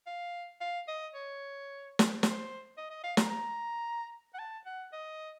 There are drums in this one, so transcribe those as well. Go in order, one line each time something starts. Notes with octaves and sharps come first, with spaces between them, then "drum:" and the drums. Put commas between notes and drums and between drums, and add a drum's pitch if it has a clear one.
F5
F5
D#5
C#5
drum: snare
C5, drum: snare
D#5
D#5
F5
A#5, drum: snare
A#5
F#5
A5
F#5
D#5